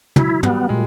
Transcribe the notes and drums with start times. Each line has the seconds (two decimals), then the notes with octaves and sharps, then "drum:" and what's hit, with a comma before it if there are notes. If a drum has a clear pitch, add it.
0.16 F#3 E4, drum: tom
0.43 G3 B3, drum: tom
0.69 A#2 G#3